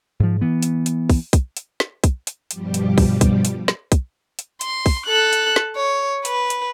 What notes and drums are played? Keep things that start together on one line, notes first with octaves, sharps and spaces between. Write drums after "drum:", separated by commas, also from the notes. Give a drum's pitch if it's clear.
G#2 F3
E3 B3
drum: hi-hat
drum: hi-hat
drum: kick, open hi-hat
drum: kick, hi-hat
drum: hi-hat
drum: snare
drum: kick, hi-hat
drum: hi-hat
G2 B2 F3 G3 G4, drum: hi-hat
drum: hi-hat
drum: kick, open hi-hat
drum: kick, hi-hat
drum: hi-hat
drum: snare
drum: kick, hi-hat
drum: hi-hat
C6, drum: hi-hat
drum: kick, open hi-hat
A4 F#6
drum: hi-hat
drum: snare
C#5
B4, drum: hi-hat
drum: hi-hat